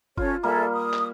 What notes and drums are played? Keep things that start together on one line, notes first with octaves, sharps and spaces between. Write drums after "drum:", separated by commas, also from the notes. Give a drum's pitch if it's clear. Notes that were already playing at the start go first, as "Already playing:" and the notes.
C#4 F4 A4 C#5, drum: kick
G3 A#3 G#4 A4 E5
D#6
drum: clap